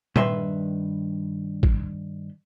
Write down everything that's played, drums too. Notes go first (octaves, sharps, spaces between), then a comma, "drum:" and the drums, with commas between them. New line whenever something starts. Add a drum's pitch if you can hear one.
G2 D#3 B4 E5 C6, drum: tom A#2
drum: kick